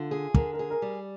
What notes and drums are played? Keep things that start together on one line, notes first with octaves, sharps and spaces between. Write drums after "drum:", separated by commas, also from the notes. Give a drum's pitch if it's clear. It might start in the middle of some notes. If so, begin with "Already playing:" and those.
Already playing: D3 F4
G#4
D3 A#4, drum: kick
A#4
G#4
A#4
G3